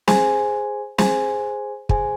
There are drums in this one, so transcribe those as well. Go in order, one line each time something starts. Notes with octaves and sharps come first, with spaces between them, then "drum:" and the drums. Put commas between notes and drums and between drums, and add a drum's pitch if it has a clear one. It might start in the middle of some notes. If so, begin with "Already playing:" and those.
G#4 C5 G#5, drum: snare
G#4 C5 G#5, drum: snare
G#4 C5 G#5, drum: kick